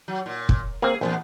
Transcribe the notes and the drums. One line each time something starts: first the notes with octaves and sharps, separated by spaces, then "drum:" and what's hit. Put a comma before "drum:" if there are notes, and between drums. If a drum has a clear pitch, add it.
F#3
A#2
drum: kick
A#3 C4 G#4
A#1 E2 C#3 B3